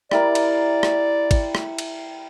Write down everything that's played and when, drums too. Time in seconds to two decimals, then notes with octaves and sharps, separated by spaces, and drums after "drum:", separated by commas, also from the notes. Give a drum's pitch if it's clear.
0.11 G3 E4 A#4 D5, drum: rim click
0.35 drum: cymbal
0.83 drum: rim click
1.31 drum: kick, cymbal
1.55 drum: rim click
1.78 drum: cymbal